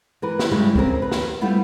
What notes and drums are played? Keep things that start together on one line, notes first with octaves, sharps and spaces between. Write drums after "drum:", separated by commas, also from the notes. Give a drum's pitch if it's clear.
E3 A#4 B4
drum: snare
C#3 E3 G3 G#3 E4
C#3 C4 C#4 A#4, drum: kick D2
A#4 B4
drum: snare
G3 A3 B3 E4 F4